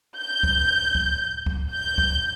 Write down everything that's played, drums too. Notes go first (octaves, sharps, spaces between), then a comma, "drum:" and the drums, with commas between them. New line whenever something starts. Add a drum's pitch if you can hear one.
G6
drum: kick
drum: kick
drum: kick
G6
drum: kick